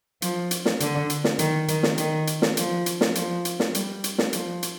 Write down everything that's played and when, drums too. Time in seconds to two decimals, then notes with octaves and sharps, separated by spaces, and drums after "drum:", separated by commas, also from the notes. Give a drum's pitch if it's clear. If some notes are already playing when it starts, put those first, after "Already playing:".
0.22 F3, drum: hi-hat
0.51 drum: hi-hat
0.65 drum: snare
0.80 D3, drum: hi-hat
1.10 drum: hi-hat
1.24 drum: snare
1.39 D#3, drum: hi-hat
1.68 D#3, drum: hi-hat
1.83 drum: snare
1.98 D#3, drum: hi-hat
2.27 drum: hi-hat
2.42 drum: snare
2.57 F3, drum: hi-hat
2.86 drum: hi-hat
3.01 drum: snare
3.15 F3, drum: hi-hat
3.45 drum: hi-hat
3.60 drum: snare
3.75 G3, drum: hi-hat
4.04 drum: hi-hat
4.18 drum: snare
4.33 F3, drum: hi-hat
4.63 drum: hi-hat